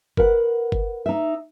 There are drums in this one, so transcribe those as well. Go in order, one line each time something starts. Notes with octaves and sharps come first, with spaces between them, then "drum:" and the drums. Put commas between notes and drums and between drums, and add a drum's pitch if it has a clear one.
A#4 B4 F#5, drum: kick G1
drum: kick G1
D#4 E5